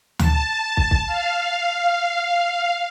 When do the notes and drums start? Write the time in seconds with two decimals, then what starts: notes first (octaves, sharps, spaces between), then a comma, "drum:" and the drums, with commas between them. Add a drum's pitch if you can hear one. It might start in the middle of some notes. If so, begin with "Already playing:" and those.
0.19 A5, drum: tom D2
0.77 drum: kick
0.91 drum: kick
1.06 F5